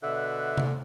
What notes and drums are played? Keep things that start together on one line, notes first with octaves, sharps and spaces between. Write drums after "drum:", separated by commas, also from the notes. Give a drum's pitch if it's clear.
B2 D3 E5 F#6
drum: tom C3